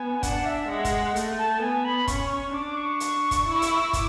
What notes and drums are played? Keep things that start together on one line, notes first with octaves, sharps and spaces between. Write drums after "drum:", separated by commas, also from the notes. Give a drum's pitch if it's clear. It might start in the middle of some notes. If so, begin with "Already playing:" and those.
Already playing: B3 G#5
D4 F#5, drum: kick, hi-hat
E5
G#3 F#5
drum: kick, hi-hat
A3, drum: hi-hat
A5
B3 G#5
B5
C#4 C#6, drum: kick, hi-hat
C#6
D4 D6
C#6
drum: hi-hat
drum: kick, hi-hat
E4
drum: hi-hat
D6, drum: kick, hi-hat